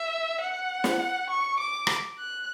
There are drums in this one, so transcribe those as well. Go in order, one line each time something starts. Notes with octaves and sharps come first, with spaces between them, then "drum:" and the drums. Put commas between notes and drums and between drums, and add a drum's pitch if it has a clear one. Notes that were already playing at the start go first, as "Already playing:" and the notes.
Already playing: E5
F#5
drum: snare
C#6
D6
drum: rim click
F#6